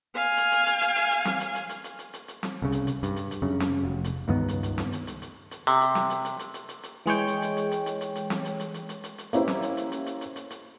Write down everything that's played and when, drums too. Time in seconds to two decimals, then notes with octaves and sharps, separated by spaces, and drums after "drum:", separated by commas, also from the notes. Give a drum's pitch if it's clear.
0.15 F5 G#5
0.37 drum: hi-hat
0.52 drum: hi-hat
0.67 drum: hi-hat
0.81 drum: hi-hat
0.96 drum: hi-hat
1.11 drum: hi-hat
1.25 drum: snare
1.40 drum: hi-hat
1.55 drum: hi-hat
1.69 drum: hi-hat
1.84 drum: hi-hat
1.99 drum: hi-hat
2.13 drum: hi-hat
2.28 drum: hi-hat
2.43 drum: snare
2.62 C2 C#3
2.72 drum: hi-hat
2.87 drum: hi-hat
3.03 G2, drum: hi-hat
3.16 drum: hi-hat
3.31 drum: hi-hat
3.42 F#2 C#3
3.60 drum: snare
3.83 F1
4.04 drum: hi-hat
4.28 C#2 G2 D#3 B3
4.48 drum: hi-hat
4.63 drum: hi-hat
4.78 drum: snare
4.92 drum: hi-hat
5.07 drum: hi-hat
5.22 drum: hi-hat
5.51 drum: hi-hat
5.67 C3, drum: hi-hat
5.81 drum: hi-hat
5.95 drum: snare
6.10 drum: hi-hat
6.25 drum: hi-hat
6.39 drum: hi-hat
6.54 drum: hi-hat
6.69 drum: hi-hat
6.83 drum: hi-hat
7.06 E3 G#3 C#5 G5
7.27 drum: hi-hat
7.42 drum: hi-hat
7.57 drum: hi-hat
7.71 drum: hi-hat
7.86 drum: hi-hat
8.01 drum: hi-hat
8.16 drum: hi-hat
8.30 drum: snare
8.45 drum: hi-hat
8.60 drum: hi-hat
8.74 drum: hi-hat
8.89 drum: hi-hat
9.04 drum: hi-hat
9.18 drum: hi-hat
9.33 A#3 C#4 E4 G4 C5, drum: hi-hat
9.48 drum: snare
9.62 drum: hi-hat
9.77 drum: hi-hat
9.92 drum: hi-hat
10.06 drum: hi-hat
10.21 drum: hi-hat
10.36 drum: hi-hat
10.50 drum: hi-hat